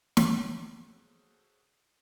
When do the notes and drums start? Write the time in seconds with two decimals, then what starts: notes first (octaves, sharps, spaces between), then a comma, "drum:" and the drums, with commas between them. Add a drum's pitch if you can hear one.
0.17 D5, drum: snare
0.72 C#3 F#3 F#4 G#4 A4 C5